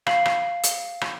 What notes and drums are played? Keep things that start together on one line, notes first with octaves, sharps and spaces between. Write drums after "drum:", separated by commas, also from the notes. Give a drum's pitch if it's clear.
F5 C7 F#7, drum: rim click
drum: rim click
drum: hi-hat
drum: rim click